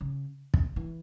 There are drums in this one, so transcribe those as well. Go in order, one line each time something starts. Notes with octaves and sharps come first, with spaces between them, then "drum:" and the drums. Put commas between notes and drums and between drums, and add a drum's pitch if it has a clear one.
C#3
drum: kick
E3